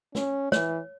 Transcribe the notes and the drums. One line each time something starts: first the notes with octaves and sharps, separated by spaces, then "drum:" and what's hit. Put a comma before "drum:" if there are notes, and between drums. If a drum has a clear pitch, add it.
C#4, drum: snare
E3 C#5, drum: snare